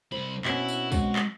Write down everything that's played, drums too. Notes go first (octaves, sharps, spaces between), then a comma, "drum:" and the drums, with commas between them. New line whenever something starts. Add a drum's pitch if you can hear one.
C2 C5 B5
B2 C4 C#4 E4 F#4, drum: clap
drum: tambourine
G#3 F#4, drum: kick, tambourine
drum: clap